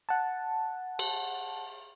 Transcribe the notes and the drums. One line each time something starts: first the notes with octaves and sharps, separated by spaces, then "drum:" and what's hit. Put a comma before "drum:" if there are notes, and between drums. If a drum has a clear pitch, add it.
F#5 A5
drum: cymbal